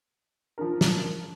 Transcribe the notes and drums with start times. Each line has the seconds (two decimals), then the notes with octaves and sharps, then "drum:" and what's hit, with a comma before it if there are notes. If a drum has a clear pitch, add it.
0.58 F3 D4 A#4
0.81 drum: snare